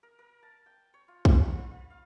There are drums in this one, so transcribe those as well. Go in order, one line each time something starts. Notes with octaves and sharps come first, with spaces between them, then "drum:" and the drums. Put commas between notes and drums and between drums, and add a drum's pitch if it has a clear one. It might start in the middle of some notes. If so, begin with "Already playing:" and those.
A#4
A#4
A5
G5
C#5
F4
F4, drum: kick
B5
F4
F4
F5